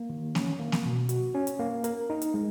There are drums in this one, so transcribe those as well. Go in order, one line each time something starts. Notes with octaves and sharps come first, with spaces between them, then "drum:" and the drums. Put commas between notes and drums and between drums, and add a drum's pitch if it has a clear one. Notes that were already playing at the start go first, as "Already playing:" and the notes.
Already playing: A#3
D#3
C#4, drum: snare A#3
A#3
drum: snare A#3
B2
F#4, drum: hi-hat
C#4
drum: hi-hat
A#3
A#4, drum: hi-hat
D#4
drum: hi-hat
G#3